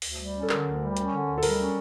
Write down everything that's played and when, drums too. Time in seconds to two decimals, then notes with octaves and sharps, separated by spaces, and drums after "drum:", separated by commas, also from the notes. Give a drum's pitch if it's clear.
0.02 D2, drum: open hi-hat
0.18 G3
0.34 C#4
0.43 A4
0.49 D3 A#4, drum: clap
0.65 D2
0.81 G3
0.97 C#4, drum: hi-hat
1.11 D3
1.27 D2
1.38 A4
1.43 G3 A#4, drum: open hi-hat
1.58 C#4